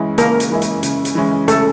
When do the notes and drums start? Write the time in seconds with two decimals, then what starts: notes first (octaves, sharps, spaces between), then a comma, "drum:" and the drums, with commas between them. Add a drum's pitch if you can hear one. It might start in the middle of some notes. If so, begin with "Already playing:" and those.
Already playing: C#3 E3 G#3 C#4 E4
0.18 C#3 A#3 A#4, drum: hi-hat
0.40 drum: hi-hat
0.50 E3 G#3 C#4 E4
0.62 drum: hi-hat
0.83 C#3, drum: hi-hat
1.05 drum: hi-hat
1.15 E3 G#3 C#4 E4
1.48 C#3 A3 A4, drum: hi-hat